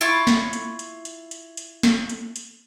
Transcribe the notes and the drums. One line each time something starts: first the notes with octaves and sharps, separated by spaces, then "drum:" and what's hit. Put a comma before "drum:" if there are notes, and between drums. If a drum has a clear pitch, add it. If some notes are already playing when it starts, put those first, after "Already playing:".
E4 F4 B5 C#6
drum: snare
drum: hi-hat
drum: hi-hat
drum: hi-hat
drum: hi-hat
drum: hi-hat
drum: snare
drum: hi-hat
drum: hi-hat